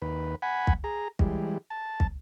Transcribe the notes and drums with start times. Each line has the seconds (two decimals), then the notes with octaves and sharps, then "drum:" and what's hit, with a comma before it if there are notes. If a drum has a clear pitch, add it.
0.02 D#2 B4
0.42 F#5 G#5 B5
0.67 drum: kick
0.84 G#4 A#5
1.19 E3 G3 G#3, drum: kick
1.70 A5
2.00 drum: kick